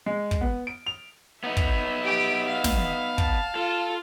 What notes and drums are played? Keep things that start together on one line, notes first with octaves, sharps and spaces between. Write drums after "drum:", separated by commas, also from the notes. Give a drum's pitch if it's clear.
G#3
drum: kick
B3
D7
F7
B3 D#4 E5
drum: kick
G4 D6
F5
drum: snare
A5, drum: kick
F4 A4